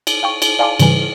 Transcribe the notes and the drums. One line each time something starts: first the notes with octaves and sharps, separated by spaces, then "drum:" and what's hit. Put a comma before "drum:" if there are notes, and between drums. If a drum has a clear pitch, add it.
drum: cymbal
F5 G5 C#6
drum: cymbal
D5 F5 G#5 A5 C6 D6
G#2 C#3 E3 G3 B4 G#5, drum: cymbal